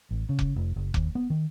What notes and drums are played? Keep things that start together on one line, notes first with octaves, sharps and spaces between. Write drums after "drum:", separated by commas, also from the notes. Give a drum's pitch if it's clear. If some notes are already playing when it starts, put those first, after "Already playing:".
A1
C#3
drum: kick F1
F1
F#1
D#2, drum: kick F1
B3
D#3